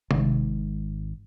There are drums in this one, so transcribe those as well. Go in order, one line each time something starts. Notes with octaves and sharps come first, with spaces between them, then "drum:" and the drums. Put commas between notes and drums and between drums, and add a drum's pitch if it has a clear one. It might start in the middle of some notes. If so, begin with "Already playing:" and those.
G#1 G#2, drum: tom C3